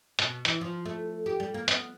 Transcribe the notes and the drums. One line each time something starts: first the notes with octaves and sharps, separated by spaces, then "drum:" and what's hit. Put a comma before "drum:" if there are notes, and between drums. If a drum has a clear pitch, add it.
B2, drum: hi-hat
E3, drum: hi-hat
F3
A3
G4
G3
A#3
B3, drum: hi-hat